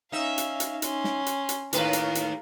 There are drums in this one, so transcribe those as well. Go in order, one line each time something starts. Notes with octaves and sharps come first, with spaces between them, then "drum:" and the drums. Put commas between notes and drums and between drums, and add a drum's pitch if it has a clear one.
C#4 D#4 E5 F5
drum: hi-hat
drum: hi-hat
C#4 C6, drum: hi-hat
drum: snare
drum: hi-hat
drum: hi-hat
D#2 A2 A#4 B4 F5, drum: hi-hat
drum: hi-hat
drum: hi-hat